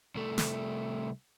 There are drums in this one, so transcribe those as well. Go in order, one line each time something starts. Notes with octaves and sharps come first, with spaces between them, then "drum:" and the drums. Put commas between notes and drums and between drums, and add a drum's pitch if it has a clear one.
C2 A3
drum: snare